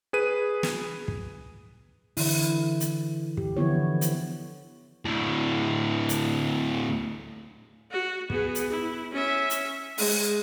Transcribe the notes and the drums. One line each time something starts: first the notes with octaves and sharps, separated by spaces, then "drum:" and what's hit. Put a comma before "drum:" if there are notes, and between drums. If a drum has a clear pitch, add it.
G#4 B4 D#7
drum: snare
drum: kick
D3 E3 E4, drum: open hi-hat
drum: hi-hat
G4, drum: kick
D3 E3 F3 B3 E4 C#5
drum: hi-hat
D2 A2
drum: hi-hat
F#4
B3 G#4, drum: kick
drum: hi-hat
E4
C#4 E5
drum: hi-hat
G#3, drum: open hi-hat